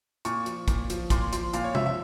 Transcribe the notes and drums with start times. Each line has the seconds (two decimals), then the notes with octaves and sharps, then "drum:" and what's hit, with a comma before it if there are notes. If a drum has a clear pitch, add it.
0.25 A#2 C#6, drum: hi-hat
0.46 F3, drum: hi-hat
0.68 A#2, drum: kick, hi-hat
0.90 F3, drum: hi-hat
1.10 A#2 C6, drum: kick, hi-hat
1.33 F3 C6, drum: hi-hat
1.53 A#2 F5, drum: hi-hat
1.64 C#5
1.75 F3 E5, drum: tom C3
1.86 E5